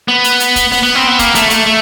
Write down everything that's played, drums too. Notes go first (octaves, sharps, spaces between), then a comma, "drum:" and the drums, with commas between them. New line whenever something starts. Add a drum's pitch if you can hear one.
B3
drum: hi-hat
drum: hi-hat
drum: kick, hi-hat
B3, drum: open hi-hat
B3
C4
B3
A#3, drum: kick, hi-hat
A3, drum: hi-hat
A3, drum: hi-hat
A3